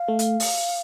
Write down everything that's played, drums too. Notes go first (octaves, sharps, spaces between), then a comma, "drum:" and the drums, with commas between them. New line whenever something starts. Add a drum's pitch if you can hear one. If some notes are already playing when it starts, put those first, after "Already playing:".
Already playing: F5
A3
drum: hi-hat
drum: open hi-hat